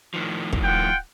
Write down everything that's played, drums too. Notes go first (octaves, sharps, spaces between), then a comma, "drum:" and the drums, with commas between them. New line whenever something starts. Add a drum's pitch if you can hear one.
A2 D#3 F3
drum: kick
F4 F#5 G5